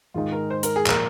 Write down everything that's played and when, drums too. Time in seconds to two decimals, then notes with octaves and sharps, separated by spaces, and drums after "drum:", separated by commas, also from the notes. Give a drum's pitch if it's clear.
0.14 G#2 D#3 G#3 D#4 F4
0.32 A#4
0.50 C5
0.63 A#4, drum: hi-hat
0.76 G#4
0.86 A#2 F3 A#4, drum: clap